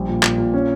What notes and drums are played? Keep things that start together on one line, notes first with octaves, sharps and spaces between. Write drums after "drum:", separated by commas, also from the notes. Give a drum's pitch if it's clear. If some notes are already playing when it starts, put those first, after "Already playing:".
Already playing: A#1 G3
A#2
A#2, drum: clap
A#2
C#4